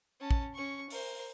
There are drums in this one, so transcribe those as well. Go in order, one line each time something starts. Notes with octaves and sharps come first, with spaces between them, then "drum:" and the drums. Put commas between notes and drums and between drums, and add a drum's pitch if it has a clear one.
C#4 A5
drum: kick
C#4 C#6
A#4 C5, drum: open hi-hat